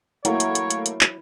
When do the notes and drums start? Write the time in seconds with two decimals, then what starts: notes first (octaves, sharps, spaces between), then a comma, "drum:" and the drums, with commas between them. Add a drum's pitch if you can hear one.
0.25 F#3 A3 A#3 E4 C#5, drum: hi-hat
0.40 drum: hi-hat
0.55 drum: hi-hat
0.70 drum: hi-hat
0.86 drum: hi-hat
1.01 drum: clap